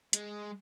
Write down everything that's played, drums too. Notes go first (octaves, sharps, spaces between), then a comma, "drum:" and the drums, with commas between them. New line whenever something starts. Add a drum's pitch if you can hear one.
G#3, drum: hi-hat